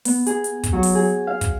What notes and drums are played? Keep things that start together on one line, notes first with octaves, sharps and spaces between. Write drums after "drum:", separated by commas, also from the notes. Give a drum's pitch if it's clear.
B3, drum: open hi-hat
G#4, drum: hi-hat
drum: hi-hat
drum: kick, hi-hat
F#3
drum: open hi-hat
G#4
F5
drum: kick, hi-hat